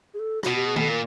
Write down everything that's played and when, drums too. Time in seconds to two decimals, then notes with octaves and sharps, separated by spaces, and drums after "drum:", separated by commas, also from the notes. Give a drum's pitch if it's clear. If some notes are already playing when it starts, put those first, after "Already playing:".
0.14 G#4
0.19 A4
0.43 B2 F#4, drum: rim click
0.55 G4
0.67 G#4
0.76 B2 A4, drum: tom D#3
0.88 A#2 A#4